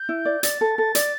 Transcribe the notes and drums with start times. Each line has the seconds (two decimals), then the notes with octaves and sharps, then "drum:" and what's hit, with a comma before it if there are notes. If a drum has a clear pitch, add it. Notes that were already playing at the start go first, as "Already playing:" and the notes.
Already playing: G6
0.09 E4
0.25 D5
0.43 D5 A6, drum: hi-hat
0.61 A4
0.78 A4
0.95 D5, drum: hi-hat